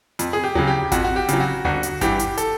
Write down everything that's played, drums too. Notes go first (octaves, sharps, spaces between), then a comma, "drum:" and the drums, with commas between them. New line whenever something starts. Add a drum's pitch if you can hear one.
F2, drum: hi-hat
G#4
G4
C#3 F#3 G#4, drum: tom D2
G4
F2 F#4, drum: kick G#1, hi-hat
F#4
G4
C#3 F#3, drum: hi-hat
F#4
G1 F#4, drum: tom D2
drum: hi-hat
G2 E3 G4, drum: kick G#1, hi-hat
drum: hi-hat
A4, drum: hi-hat